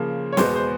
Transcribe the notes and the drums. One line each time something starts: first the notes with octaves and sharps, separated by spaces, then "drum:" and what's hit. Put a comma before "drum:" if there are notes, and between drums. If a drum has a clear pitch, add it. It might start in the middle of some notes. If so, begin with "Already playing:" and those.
Already playing: C#3 F3 A#3
C#5
E2 B2 G#3 B3 C5, drum: snare
C5